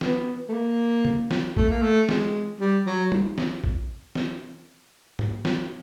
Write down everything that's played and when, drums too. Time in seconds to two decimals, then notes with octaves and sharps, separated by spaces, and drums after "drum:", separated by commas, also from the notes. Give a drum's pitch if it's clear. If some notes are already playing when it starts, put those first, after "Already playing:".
0.01 B3, drum: snare
0.48 A3
0.53 A#3
1.05 drum: tom
1.31 drum: snare
1.57 A3, drum: kick
1.69 A#3
1.82 A3
2.09 G#3, drum: snare
2.60 G3
2.86 F#3
3.12 drum: tom
3.38 drum: snare
3.64 drum: kick
4.15 drum: snare
5.19 drum: tom
5.45 drum: snare